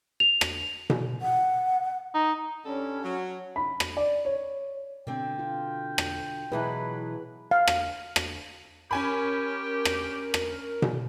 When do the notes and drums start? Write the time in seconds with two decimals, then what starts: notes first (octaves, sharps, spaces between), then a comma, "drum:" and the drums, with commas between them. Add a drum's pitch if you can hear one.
0.20 F7
0.41 drum: rim click
0.90 drum: tom B2
1.22 F#5
2.14 D#4
2.65 G2 G3 C#4 A4
3.03 F#3
3.56 B5
3.80 drum: rim click
3.97 D5
4.25 C#5
5.07 B2 D3 C4 G5
5.39 F4
5.98 drum: rim click
6.52 B2 E3 F#3 E4 G#4 B4
7.51 F5
7.67 drum: rim click
8.16 drum: rim click
8.91 C#4 G4 A#4 G#5 B5
9.85 drum: rim click
10.34 drum: rim click
10.82 drum: tom B2